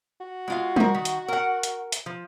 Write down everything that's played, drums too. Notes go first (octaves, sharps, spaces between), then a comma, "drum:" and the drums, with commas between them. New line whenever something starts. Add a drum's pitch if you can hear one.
F#4
G#3 F4 F5
F3 A#4, drum: tom G3
D#3
drum: hi-hat
A#4 F#5
drum: hi-hat
drum: hi-hat
F3